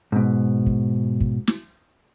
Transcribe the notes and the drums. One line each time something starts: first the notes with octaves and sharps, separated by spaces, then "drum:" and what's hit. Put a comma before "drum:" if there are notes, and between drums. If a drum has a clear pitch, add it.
G#2 B2
drum: kick
drum: kick
drum: snare